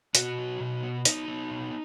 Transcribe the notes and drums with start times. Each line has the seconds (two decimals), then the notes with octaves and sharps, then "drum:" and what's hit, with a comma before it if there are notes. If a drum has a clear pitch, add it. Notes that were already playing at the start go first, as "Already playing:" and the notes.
0.15 B2 F#4, drum: hi-hat
0.38 F#3
0.60 B2
0.83 B3
1.05 B3 D#4, drum: hi-hat
1.28 B3
1.51 B2